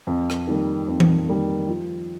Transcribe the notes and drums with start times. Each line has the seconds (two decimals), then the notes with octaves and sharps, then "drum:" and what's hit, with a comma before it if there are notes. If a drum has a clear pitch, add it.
0.07 F2
0.30 drum: rim click
0.47 D#3 G3 A#3
0.88 F2
1.00 drum: tom E3
1.28 D#3 G3 A#3
1.68 F3